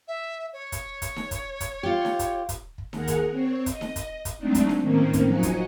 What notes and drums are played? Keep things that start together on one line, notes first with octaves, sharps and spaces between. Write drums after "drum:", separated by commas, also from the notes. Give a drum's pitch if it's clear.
E5
C#5
drum: kick, hi-hat
drum: kick, hi-hat
drum: snare D#4
drum: kick, hi-hat
drum: kick, hi-hat
F4 G4
drum: snare D#4
drum: kick, hi-hat
drum: kick, hi-hat
drum: kick
D#2 G#4 A#4 F#5 A#5, drum: snare D#4
drum: kick, hi-hat
C4 C#5
D#5, drum: kick, hi-hat
drum: snare D#4
drum: kick, hi-hat
drum: kick, hi-hat
F#3 G#3 A3 C4 D4 D#4
drum: kick, hi-hat
drum: snare D#4
A2 D#3 A#3 C4 C#4
drum: kick, hi-hat
F3 F#3 D#4 F#4 G#5 C#7
drum: kick, hi-hat